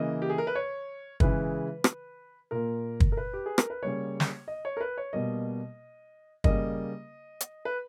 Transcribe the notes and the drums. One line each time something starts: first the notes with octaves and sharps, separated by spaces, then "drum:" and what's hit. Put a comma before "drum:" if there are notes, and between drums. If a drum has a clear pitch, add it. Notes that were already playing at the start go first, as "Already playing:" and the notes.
Already playing: C#3 E3 A#3 D#5
G4
G#4
A#4
B4
C#5
C#3 E3 G#3 B4, drum: kick
drum: rim click
A#2 A#3 A#4
drum: kick
A#4
B4
G4
G#4
A#4, drum: rim click
B4
C#3 G3 A#3 C#5
drum: snare
D#5
C#5
A#4
B4
C#5
B2 G3 A#3 D#5
C#3 G3 A#3 D#5, drum: kick
drum: hi-hat
B4